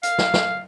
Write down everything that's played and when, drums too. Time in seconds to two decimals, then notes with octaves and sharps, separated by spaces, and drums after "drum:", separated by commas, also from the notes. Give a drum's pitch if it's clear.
0.03 F5, drum: hi-hat
0.18 drum: snare
0.34 drum: snare